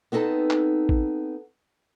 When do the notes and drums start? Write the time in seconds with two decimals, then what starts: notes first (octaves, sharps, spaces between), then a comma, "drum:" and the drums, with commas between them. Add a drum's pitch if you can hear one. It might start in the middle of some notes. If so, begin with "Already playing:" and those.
0.12 B3 C4 D#4 A4 A5
0.51 drum: clap
0.89 drum: kick A1